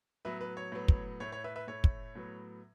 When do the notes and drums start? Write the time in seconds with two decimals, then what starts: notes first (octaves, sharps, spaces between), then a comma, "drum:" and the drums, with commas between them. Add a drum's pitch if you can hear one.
0.25 A2 F#3 B3 B4 E5
0.41 B4
0.57 C#5
0.72 A2 F#3 B3
0.88 drum: kick
1.20 A2 A3 C#5
1.32 C#5
1.44 B4 E5
1.56 B4 E5
1.67 A2 A3 C#5
1.84 drum: kick
2.15 A2 F#3 B3